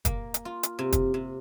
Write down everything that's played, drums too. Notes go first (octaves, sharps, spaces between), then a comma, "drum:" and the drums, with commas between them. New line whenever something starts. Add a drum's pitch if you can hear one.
A#3, drum: kick, hi-hat
drum: hi-hat
F4
drum: hi-hat
C3
drum: kick, hi-hat
C3